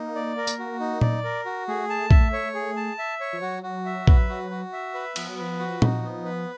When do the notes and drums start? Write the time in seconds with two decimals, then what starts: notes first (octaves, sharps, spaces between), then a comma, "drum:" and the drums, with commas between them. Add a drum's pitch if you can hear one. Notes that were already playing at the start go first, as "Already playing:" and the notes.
Already playing: A#3 D#4
0.15 D5
0.37 A#4
0.47 drum: tambourine
0.59 F#4
0.80 D#4
1.01 D5, drum: tom A#2
1.24 A#4
1.45 F#4
1.68 A3 G#4
1.90 A5
2.11 E5, drum: kick
2.33 C#5
2.55 G#4
2.77 A5
2.99 E5
3.20 C#5
3.33 F3
3.42 F#3 F#4
3.63 F#4
3.85 E5
4.07 B4, drum: kick
4.29 F#4
4.51 F#4
4.73 E5
4.94 B4
5.16 F3 B3, drum: cymbal
5.29 F#3
5.38 F3 B4
5.59 F#4
5.82 D#4, drum: tom A#2
6.03 B3
6.25 B4